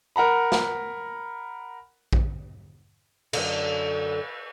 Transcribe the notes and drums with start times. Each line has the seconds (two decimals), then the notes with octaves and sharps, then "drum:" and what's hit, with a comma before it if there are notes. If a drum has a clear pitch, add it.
0.16 A#4 F#5 A#5 B5
0.52 drum: snare
2.13 drum: kick A#1
3.33 F#2 D3, drum: cymbal